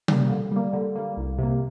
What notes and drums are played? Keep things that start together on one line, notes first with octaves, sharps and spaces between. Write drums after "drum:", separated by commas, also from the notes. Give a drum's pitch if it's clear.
G3 A#3, drum: tom C3
D3
G3 A#3
D3
G3 A#3
C2
C3 A#3